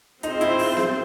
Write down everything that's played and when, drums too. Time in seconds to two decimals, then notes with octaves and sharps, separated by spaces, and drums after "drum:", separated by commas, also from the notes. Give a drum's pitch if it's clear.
0.23 C4 D#4 F4 G#4 C5, drum: hi-hat
0.41 E4, drum: hi-hat
0.59 drum: open hi-hat
0.77 drum: snare B3